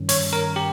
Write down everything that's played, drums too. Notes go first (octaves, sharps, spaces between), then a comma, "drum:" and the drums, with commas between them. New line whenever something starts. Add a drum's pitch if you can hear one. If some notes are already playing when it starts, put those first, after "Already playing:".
Already playing: G2 D#3 G3 C#4
C#5, drum: open hi-hat
A#4
G4